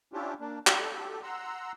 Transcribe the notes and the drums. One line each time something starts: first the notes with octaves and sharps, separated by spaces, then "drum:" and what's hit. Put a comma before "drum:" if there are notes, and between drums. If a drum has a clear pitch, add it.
C#4 D4 E4 F4 G4
A#3 D4
G4 A4, drum: clap
F#5 A#5 C6 E6